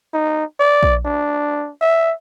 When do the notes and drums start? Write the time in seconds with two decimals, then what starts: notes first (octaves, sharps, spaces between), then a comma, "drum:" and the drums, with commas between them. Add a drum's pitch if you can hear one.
0.14 D#4
0.60 D5
0.83 drum: kick A#1
1.05 D4
1.81 E5